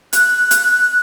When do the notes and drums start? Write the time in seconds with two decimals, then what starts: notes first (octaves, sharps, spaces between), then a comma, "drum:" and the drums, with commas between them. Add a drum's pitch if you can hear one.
0.13 F#6, drum: hi-hat
0.51 drum: hi-hat